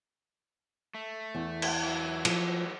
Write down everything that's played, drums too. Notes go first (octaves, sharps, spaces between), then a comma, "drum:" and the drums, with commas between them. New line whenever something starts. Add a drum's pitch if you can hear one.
A3
E2
drum: cymbal
E3 F#3
F3, drum: cymbal